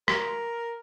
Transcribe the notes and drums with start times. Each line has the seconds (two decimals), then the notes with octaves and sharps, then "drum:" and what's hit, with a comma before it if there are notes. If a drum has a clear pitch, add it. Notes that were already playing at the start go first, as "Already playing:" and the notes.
0.08 A#4, drum: rim click